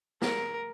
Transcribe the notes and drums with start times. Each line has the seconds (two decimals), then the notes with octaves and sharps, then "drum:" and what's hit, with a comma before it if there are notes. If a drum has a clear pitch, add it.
0.22 A#4, drum: snare